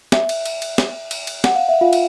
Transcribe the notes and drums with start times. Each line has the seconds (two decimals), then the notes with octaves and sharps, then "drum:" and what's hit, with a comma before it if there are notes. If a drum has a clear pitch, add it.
0.12 E5, drum: snare
0.29 drum: cymbal
0.45 drum: cymbal
0.62 drum: cymbal
0.78 drum: snare
1.11 drum: cymbal
1.27 drum: cymbal
1.44 F#5, drum: snare
1.55 F5
1.68 E5
1.81 F4 F5
1.93 drum: cymbal